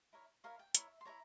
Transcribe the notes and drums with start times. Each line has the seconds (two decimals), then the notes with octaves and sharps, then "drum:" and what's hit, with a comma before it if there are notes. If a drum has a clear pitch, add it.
0.13 E4 A#4 C#5
0.44 E4 A#4 C#5 F5
0.59 G5
0.75 E4 A#4 C#5 E5, drum: hi-hat
1.01 C6
1.05 E4 A#4 C#5 A#5